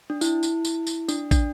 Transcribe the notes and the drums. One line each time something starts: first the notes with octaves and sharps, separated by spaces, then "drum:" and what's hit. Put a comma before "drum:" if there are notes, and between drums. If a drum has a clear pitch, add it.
D4
E4, drum: tambourine
drum: tambourine
drum: tambourine
drum: tambourine
D4, drum: tambourine
D4, drum: kick, tambourine